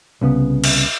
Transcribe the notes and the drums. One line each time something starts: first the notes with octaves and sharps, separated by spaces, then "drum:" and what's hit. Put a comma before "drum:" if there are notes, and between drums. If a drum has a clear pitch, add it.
C2 C#3 B3
drum: cymbal